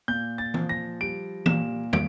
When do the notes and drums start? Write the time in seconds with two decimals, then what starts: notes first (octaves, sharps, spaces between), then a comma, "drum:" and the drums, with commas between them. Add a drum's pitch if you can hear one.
0.08 A#2 G6
0.38 A6
0.54 F3, drum: tom
0.69 A#6
1.01 G3 D7
1.46 A#2 E7, drum: tom E3
1.93 A#2 D7, drum: tom